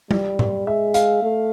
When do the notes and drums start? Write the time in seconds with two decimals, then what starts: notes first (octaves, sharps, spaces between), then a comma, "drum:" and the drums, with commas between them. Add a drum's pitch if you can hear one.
0.11 G3, drum: tom G3
0.39 drum: tom A2
0.66 G#3 E5
0.94 F5, drum: hi-hat
1.22 A3